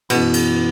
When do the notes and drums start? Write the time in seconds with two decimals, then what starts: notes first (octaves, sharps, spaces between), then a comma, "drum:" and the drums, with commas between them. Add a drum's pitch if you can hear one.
0.10 F#2 B2 E3 B3 E4, drum: cymbal
0.34 drum: cymbal